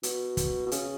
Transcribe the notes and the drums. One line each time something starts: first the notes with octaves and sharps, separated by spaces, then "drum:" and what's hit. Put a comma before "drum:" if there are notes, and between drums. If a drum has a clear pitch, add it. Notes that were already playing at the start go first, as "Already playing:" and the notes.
B2, drum: hi-hat
drum: kick, hi-hat
B2
C#3, drum: hi-hat